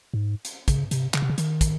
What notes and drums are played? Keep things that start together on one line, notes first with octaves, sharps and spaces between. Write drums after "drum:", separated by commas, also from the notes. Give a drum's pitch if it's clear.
G#2
drum: hi-hat
C#3, drum: kick, hi-hat
C3, drum: hi-hat
C#3, drum: clap
C3
C#3
D#3, drum: hi-hat
drum: kick, hi-hat